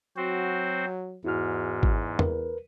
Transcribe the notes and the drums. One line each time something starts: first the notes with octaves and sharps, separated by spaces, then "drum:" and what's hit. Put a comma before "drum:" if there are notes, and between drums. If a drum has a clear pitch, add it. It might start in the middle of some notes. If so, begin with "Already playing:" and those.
F#3 C4 F#4 C5
E2 G#2 E4 F#4 F6
drum: kick G#1
A#4 B4, drum: tom